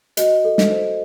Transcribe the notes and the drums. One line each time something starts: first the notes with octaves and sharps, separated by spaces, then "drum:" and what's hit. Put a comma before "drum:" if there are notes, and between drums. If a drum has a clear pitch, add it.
F#4 D#5, drum: hi-hat
A4
drum: snare
C5